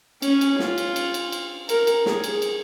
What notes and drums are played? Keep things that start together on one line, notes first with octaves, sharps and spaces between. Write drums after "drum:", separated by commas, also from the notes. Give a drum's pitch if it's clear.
C#4, drum: cymbal
drum: cymbal
F4, drum: snare
drum: cymbal
drum: cymbal
drum: cymbal
drum: cymbal
A#4, drum: cymbal
drum: cymbal
G#4, drum: snare
drum: cymbal
drum: cymbal